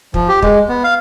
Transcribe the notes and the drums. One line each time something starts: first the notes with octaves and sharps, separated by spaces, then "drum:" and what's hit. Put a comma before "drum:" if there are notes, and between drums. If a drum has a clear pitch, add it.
F3, drum: kick
G4
G#3, drum: kick
B3
F5